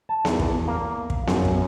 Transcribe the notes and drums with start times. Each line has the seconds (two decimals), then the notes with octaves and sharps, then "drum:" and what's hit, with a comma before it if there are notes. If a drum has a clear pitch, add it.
0.09 A5
0.25 E2, drum: snare B3
0.40 drum: kick
0.68 A#3
1.10 drum: kick
1.27 F#2, drum: snare B3
1.45 drum: kick